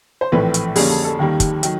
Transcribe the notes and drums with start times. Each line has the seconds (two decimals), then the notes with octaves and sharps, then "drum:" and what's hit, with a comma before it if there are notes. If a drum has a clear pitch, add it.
0.21 C5
0.32 A#1 A2 E3 A3 C4 B4
0.54 drum: hi-hat
0.76 F2 D3 G3 A#3 C#4 G#4, drum: open hi-hat
0.90 A4
1.04 A4
1.19 D#2 D#3 G3 A#3
1.40 drum: kick, hi-hat
1.63 D#3 F#3, drum: hi-hat